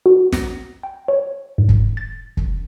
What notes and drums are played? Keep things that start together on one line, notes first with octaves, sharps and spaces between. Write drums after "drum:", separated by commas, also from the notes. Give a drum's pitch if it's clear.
F#4
A#6, drum: snare
G5
C#5
G#2
drum: kick
A6
drum: kick